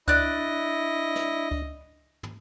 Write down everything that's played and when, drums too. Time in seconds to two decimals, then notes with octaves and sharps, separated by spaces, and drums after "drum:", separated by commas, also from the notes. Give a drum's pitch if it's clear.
0.08 D4 E4 D5 D#5 F#6, drum: kick C#2
1.15 drum: snare
1.51 drum: kick C#2
2.23 drum: tom